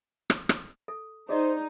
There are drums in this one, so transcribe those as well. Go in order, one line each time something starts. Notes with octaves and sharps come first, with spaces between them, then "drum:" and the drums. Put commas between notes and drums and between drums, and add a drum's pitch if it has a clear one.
drum: rim click
drum: rim click
A4
D#4 G#4 C5 D5 D#5